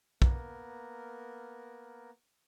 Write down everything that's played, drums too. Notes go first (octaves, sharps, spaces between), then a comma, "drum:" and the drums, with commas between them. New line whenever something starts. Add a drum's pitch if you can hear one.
A#3 B3 A#4, drum: kick